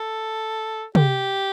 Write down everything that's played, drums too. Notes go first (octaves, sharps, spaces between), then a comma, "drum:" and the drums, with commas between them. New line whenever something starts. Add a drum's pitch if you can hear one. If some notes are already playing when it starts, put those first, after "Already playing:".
Already playing: A4
G4, drum: tom